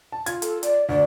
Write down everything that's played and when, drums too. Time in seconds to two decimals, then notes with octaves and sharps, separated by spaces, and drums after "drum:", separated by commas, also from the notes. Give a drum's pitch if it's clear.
0.12 A5
0.26 F4 G#6, drum: hi-hat
0.42 A4, drum: hi-hat
0.63 D5, drum: hi-hat
0.89 D2 D5